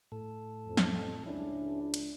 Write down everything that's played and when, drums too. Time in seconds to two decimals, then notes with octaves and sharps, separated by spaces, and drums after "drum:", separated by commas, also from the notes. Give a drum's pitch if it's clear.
0.12 A2 A4
0.67 F2
0.77 drum: snare
1.26 C#2 C#4 D4 E4
1.94 drum: cymbal